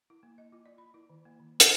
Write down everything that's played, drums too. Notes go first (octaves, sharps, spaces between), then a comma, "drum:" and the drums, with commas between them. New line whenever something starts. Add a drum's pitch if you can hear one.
E4
A#3
D#5
F4
D5
B5
E4
D#3
A#3
D#3
D#5, drum: hi-hat